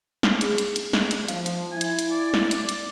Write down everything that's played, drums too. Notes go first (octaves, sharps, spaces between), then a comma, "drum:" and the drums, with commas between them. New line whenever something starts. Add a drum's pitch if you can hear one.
drum: snare
G#4, drum: hi-hat
drum: hi-hat
drum: hi-hat
drum: snare
drum: hi-hat
F3 F5, drum: hi-hat
drum: hi-hat
E4 G#5
drum: hi-hat
drum: hi-hat
D5
drum: snare
drum: hi-hat
drum: hi-hat